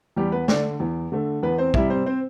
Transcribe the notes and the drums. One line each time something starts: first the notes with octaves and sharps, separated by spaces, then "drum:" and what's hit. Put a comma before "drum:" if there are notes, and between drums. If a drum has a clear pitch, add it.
E2 G3 G4
B3 B4
D3 A3 D4 D5, drum: snare
E2
D3 A3
E2 B3 B4
C4 C5
C3 G3 E4 E5, drum: kick
C4 C5
C4 C5